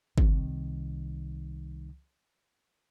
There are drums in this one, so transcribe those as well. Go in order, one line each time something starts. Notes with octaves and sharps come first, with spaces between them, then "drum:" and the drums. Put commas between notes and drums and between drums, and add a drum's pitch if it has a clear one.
C2 D#3, drum: kick G1